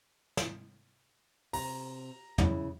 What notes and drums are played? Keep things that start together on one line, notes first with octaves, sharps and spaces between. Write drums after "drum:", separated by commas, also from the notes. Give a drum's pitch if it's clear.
drum: snare
C3 A#5, drum: open hi-hat
C#3 E4, drum: tom